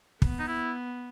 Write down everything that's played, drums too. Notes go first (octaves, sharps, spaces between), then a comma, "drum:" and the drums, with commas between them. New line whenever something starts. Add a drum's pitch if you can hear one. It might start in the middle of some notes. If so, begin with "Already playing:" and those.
B3, drum: kick
D#4
E4